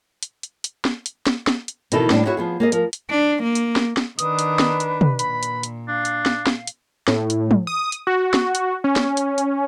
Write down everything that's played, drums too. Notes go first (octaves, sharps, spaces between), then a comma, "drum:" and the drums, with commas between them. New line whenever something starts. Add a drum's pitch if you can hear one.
drum: hi-hat
drum: hi-hat
drum: hi-hat
drum: snare
drum: hi-hat
drum: snare
drum: snare
drum: hi-hat
B2 D#3 E3 D#4 E4 A4, drum: hi-hat
A2 G3 D4, drum: snare
E4 F#4 G#4 C#5 E5 F#5
F3 B3 G#4
A#3 G#4 D#5
F3 A#4, drum: hi-hat
drum: hi-hat
D4
A#3
drum: hi-hat
drum: snare
drum: snare
D#3 D4 B4 D#6, drum: hi-hat
drum: hi-hat
drum: snare
drum: hi-hat
drum: tom
A#2 B5, drum: hi-hat
drum: hi-hat
drum: hi-hat
D4 F5
drum: hi-hat
drum: snare
drum: snare
drum: hi-hat
A2, drum: snare
drum: hi-hat
drum: tom
D#6
drum: hi-hat
F#4
drum: snare
drum: hi-hat
C#4
drum: snare
drum: hi-hat
drum: hi-hat